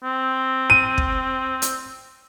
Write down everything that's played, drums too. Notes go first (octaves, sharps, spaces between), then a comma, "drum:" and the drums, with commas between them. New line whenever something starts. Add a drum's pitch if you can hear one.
C4
D#7
drum: kick
drum: hi-hat